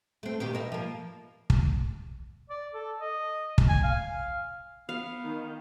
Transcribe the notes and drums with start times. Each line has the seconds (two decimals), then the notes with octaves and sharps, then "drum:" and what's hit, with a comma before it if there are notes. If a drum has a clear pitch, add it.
0.23 A3 C4
0.40 A#2 D#3 G4
0.53 B2 A#4 E5
0.72 F3 A#3
1.50 drum: kick
2.50 D5
2.73 A4
3.00 D#5
3.58 drum: kick
3.69 G#5
3.84 F5
4.89 B3 F5
5.24 D#3